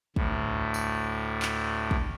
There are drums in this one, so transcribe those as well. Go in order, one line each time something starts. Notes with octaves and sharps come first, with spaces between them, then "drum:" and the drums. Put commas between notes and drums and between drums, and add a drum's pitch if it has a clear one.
D2 A2, drum: kick
drum: tambourine
drum: clap
drum: kick